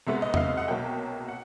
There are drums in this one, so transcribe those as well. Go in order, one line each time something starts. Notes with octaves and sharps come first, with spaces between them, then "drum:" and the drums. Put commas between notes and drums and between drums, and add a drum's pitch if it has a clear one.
C2 B2 G#3 B3 E5
D#5
E5, drum: tom
F5
F#5
B1 B2 F#3 A#3 G5
F#5